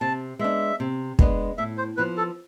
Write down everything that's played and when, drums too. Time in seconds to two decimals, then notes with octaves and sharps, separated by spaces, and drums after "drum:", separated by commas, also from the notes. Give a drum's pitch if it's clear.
0.01 C3 A5
0.39 G#3 B3 D4 E5
0.80 C3
1.19 G#3 B3 D4, drum: kick
1.58 A2 E5
1.78 C5
1.97 F3 B3 B4
2.17 A4